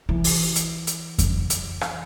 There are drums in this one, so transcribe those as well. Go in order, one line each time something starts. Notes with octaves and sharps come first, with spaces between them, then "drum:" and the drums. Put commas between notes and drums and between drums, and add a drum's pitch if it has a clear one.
E3
drum: open hi-hat
drum: hi-hat
drum: hi-hat
drum: kick F2, hi-hat
drum: hi-hat
drum: rim click